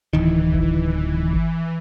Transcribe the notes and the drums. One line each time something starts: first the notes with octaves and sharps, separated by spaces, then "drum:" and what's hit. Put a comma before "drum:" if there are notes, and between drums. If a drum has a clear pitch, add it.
D1 D#3 E3
drum: kick G1
drum: kick G1